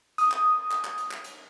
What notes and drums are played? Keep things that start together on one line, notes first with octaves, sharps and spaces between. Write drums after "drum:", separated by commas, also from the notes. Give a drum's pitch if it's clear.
D#6, drum: hi-hat
drum: clap
drum: clap
drum: clap
drum: hi-hat
drum: clap
drum: hi-hat